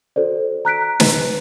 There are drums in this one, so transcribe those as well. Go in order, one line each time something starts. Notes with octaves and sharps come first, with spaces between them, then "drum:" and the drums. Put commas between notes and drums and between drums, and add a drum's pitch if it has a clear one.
F#4 A4 C5 D5
A#5 F#6 B6 D7
B4, drum: snare